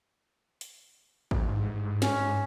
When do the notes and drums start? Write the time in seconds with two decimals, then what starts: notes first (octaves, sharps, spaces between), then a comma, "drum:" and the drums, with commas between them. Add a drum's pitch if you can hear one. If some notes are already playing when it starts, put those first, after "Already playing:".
0.61 drum: hi-hat
1.31 A1, drum: kick
1.48 G#2
2.02 C#4, drum: snare